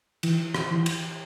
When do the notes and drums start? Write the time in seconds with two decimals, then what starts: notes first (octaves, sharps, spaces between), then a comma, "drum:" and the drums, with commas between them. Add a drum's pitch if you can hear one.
0.23 E3, drum: cymbal
0.55 drum: rim click
0.71 E3
0.86 drum: cymbal